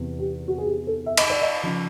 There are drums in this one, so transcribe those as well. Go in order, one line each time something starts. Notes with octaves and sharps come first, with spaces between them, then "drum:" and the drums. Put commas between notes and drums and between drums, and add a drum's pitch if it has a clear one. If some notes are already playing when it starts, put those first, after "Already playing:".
Already playing: E2 C3
G4
F#4
G#4
G4
A4
E5
D#5, drum: cymbal
D5
D#5
C#3 F3